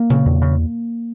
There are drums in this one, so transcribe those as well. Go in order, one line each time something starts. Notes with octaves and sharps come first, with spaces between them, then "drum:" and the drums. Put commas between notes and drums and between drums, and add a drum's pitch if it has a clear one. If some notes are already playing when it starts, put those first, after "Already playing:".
Already playing: A#3
C#3, drum: tom A#2
E2
C#3